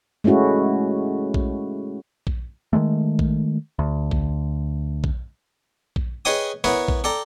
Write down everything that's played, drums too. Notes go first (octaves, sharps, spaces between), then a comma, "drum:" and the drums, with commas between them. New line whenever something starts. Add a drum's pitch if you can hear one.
G#3 A3 C#4 E4 F#4
drum: kick A#1
drum: kick A#1
D#3 F3 G#3 A3
drum: kick A#1
D2
drum: kick A#1
drum: kick A#1
drum: kick A#1
G#4 B4 C#5 D#5 G5 D#6
B3 E4 A#4 B4 C#5
drum: kick A#1
A4 D5 G5 A#5